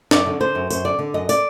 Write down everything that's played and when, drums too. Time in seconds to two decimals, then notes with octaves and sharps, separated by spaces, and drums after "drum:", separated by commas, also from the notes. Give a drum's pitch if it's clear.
0.11 F#2 D5, drum: snare
0.26 D3
0.40 D3 C5
0.55 F#2
0.70 F#2 C5, drum: tambourine
0.85 D3 D5
0.99 D3
1.14 F#2 D#5
1.29 D5, drum: tambourine